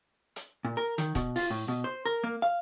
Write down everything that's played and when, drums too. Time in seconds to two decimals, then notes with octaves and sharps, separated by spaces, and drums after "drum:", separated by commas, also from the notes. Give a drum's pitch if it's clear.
0.36 drum: hi-hat
0.65 A#2
0.77 A#4
0.98 D#3, drum: hi-hat
1.15 B2, drum: kick, hi-hat
1.36 F4, drum: open hi-hat
1.50 A2
1.68 B2
1.84 C5
2.06 A#4
2.24 A#3
2.42 F5